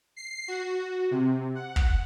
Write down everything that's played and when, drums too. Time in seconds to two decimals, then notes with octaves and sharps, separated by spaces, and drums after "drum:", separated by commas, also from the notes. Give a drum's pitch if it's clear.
0.17 C7
0.48 F#4
1.11 C3
1.55 F#5
1.76 drum: kick